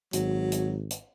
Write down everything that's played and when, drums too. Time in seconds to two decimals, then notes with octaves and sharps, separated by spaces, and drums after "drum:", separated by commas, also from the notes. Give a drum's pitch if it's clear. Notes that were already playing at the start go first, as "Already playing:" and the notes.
0.13 G#1 F#3, drum: hi-hat
0.52 drum: hi-hat
0.90 drum: hi-hat